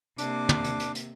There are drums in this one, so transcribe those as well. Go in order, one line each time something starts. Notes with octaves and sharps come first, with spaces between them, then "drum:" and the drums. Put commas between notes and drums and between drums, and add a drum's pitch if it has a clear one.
C3 A#3 D4 D6, drum: hi-hat
drum: tom
drum: hi-hat
drum: hi-hat
drum: hi-hat